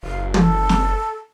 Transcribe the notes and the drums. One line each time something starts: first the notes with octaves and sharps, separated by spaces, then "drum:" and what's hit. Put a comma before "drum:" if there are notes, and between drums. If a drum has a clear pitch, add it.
F#1 F5
A4, drum: tom
drum: snare